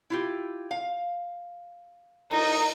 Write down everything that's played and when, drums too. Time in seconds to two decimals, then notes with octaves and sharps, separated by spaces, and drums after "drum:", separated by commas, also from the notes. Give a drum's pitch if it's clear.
0.10 E4 F4 G4
0.71 F5
2.31 D#4, drum: cymbal